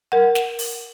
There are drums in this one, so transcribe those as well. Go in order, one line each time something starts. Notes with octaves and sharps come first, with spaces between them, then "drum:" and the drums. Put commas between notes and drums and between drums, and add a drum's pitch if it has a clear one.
A#4 F#5
drum: snare
drum: open hi-hat